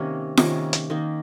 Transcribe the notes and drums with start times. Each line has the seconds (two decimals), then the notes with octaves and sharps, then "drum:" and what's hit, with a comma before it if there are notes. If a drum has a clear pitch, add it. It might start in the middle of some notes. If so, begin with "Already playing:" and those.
Already playing: C3 D#3 A#3 C#4
0.37 C3 D#3 A#3 C#4, drum: snare F4
0.73 drum: hi-hat
0.90 D#3 A#3 D#4